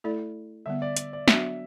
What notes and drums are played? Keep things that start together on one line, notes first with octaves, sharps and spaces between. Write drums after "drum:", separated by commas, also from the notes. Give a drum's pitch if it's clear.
A3 E4 A4 D5
D3 G3 B3 E5
D5
D5, drum: hi-hat
D5
F#3 B3 D4 F#4 E5, drum: snare